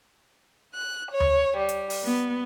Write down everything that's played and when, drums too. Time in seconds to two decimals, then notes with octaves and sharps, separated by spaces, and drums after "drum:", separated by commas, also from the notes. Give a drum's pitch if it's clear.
0.74 F#6
1.11 C#5
1.20 drum: tom D2
1.58 G3
1.69 drum: hi-hat
1.90 drum: open hi-hat
2.04 B3